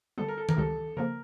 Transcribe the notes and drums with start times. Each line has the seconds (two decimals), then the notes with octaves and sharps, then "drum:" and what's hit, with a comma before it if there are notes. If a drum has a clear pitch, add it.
0.18 D3 G3 B3 A4
0.28 A#4
0.37 A4
0.49 A#4, drum: tom D#3
0.57 C#2 C3 D#3 G3 A4
0.97 C#3 F3 A#3 A#4